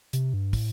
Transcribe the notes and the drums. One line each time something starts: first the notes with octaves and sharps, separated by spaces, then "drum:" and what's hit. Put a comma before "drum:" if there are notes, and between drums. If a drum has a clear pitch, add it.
C3, drum: hi-hat
G2
A2, drum: kick, open hi-hat